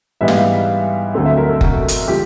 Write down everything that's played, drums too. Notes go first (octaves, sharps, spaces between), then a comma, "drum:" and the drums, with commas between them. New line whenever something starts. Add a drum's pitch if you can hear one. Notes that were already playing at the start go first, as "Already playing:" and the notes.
G#2 E3 G3 B3 E5
F5, drum: snare
E5
D2 D3 F#3 A3 C4
E5
A#4
A4
F#4, drum: kick F#1
drum: hi-hat
F3 G#3 G4